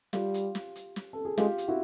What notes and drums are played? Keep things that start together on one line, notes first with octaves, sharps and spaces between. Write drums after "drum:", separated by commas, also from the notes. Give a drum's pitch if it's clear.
G3 F4 G4, drum: snare
drum: hi-hat
drum: snare
drum: hi-hat
drum: snare
A4
G#4
G#3 F4 G4, drum: snare
drum: hi-hat
E4 F#4